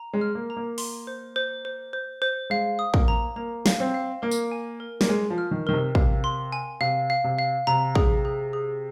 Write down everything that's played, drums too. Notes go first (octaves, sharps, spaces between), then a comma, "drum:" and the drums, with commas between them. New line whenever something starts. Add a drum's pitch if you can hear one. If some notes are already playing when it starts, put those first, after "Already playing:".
Already playing: A#5
G#3
F6
A#3
A#5
A#3
C6, drum: open hi-hat
C5
C5
C5
C5
C5
G#3 F5
D#6
A#3, drum: kick
A#5
A#3 A#5
F5, drum: snare
C4
F5
A#3 A#4
drum: tambourine
G#5
A#4
A#3, drum: snare
G#3 G#5
F3
F6
D#3
D#3 A#4
C3
C3 F5, drum: kick
C6
G#5
C3 F5
F5
C3
F5
C3 A#5
G#4, drum: kick
G#4
G#4